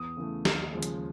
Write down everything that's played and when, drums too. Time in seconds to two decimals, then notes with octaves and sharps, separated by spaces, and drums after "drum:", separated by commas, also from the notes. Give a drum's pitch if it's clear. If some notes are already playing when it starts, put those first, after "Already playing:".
Already playing: E2 D#6
0.17 C#3 E3 A3
0.45 D#2, drum: snare
0.73 C#3 F3 G#3
0.83 drum: hi-hat